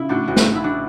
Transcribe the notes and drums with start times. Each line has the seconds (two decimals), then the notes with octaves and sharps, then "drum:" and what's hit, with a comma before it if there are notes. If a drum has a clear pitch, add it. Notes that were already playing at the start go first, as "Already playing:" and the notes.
Already playing: C#3 E4
0.09 A2 D4 F#4
0.28 A1 F#4
0.36 E4, drum: snare
0.45 A2
0.55 E4
0.64 D4 F#4